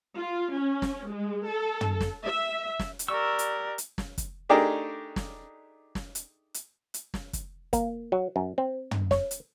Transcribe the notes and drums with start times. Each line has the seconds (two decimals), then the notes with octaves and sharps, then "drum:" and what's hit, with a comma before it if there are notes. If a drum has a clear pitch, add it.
0.16 F4
0.54 C#4
0.82 drum: snare
1.08 G#3
1.47 A4
1.81 drum: tom
2.00 drum: snare
2.25 E5
2.79 drum: snare
2.99 drum: hi-hat
3.08 G4 A#4 D5 C#6 E6
3.39 drum: hi-hat
3.78 drum: hi-hat
3.98 drum: snare
4.18 drum: kick, hi-hat
4.49 A3 D4 D#4 G4 G#4 A#4
5.16 drum: snare
5.95 drum: snare
6.15 drum: hi-hat
6.54 drum: hi-hat
6.94 drum: hi-hat
7.14 drum: snare
7.33 drum: kick, hi-hat
7.73 A#3, drum: kick, hi-hat
8.12 F#3
8.36 F#2
8.58 C4
8.91 drum: tom
9.11 C#5, drum: snare
9.31 drum: hi-hat